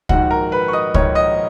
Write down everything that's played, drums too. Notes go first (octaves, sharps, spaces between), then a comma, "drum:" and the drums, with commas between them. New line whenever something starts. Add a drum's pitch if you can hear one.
A#1 G#2 D#3 F#4 F#5, drum: kick
A#4 A#5
B4 B5
C#6
D#5 D#6
A#1 G#2 D#3 C#5 C#6, drum: kick
D#5 D#6